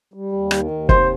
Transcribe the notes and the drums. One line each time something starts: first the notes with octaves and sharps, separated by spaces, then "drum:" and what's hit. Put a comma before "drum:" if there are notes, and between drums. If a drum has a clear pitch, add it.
G3
D#2
D#3, drum: rim click
D#2
C3 C5, drum: kick